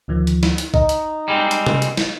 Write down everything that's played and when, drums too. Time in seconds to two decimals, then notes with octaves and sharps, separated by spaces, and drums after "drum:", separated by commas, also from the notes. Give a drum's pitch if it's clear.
0.08 D2 D#3 F3
0.27 drum: hi-hat
0.43 drum: snare
0.58 drum: hi-hat
0.74 D#4 D#5, drum: kick B1
0.89 drum: hi-hat
1.28 G3 G#3 C4
1.51 drum: hi-hat
1.67 drum: tom C3
1.82 drum: hi-hat
1.97 drum: snare